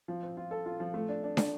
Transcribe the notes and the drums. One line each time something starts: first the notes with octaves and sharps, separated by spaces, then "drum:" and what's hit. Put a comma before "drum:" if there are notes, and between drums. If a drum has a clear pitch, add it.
F3
C4
F4
A4
F4
F3
A3
D4
D4
D4, drum: snare